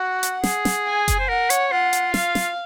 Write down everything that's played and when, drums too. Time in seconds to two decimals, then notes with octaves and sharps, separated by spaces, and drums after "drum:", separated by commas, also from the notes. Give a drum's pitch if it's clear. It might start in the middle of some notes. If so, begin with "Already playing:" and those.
Already playing: F#4 F#5
0.23 drum: hi-hat
0.44 G#4, drum: snare
0.65 drum: snare
0.86 G#5
1.08 drum: kick F#1, hi-hat
1.19 C5
1.29 A#4 F#5
1.50 C#5, drum: hi-hat
1.71 F4 F#5
1.93 drum: hi-hat
2.14 F5, drum: snare
2.35 drum: snare